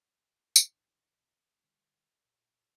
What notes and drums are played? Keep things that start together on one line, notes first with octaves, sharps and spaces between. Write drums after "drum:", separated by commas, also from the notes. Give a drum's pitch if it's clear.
C2 A2 E3 D4, drum: tambourine
G2 D3 G3
A#2